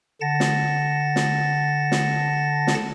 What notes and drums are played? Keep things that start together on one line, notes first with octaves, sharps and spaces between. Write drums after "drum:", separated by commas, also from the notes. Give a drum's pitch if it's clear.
D3 F#5 A5 A6 A#6
drum: snare
drum: snare
drum: snare
drum: snare